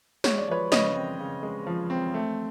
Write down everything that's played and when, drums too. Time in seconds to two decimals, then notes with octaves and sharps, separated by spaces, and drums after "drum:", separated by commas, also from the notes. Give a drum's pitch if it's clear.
0.24 G#3 C#5, drum: snare
0.38 D5
0.48 F3 B4 C#5
0.72 C#3 C#5 D#5, drum: snare
0.96 C4
1.20 C#3
1.43 G#3
1.67 F3
1.90 C4
2.14 A3